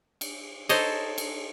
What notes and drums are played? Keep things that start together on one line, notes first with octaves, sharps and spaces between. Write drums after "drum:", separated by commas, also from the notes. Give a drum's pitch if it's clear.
drum: cymbal
D#4 A4 C5 C#5 D#5, drum: cymbal
drum: cymbal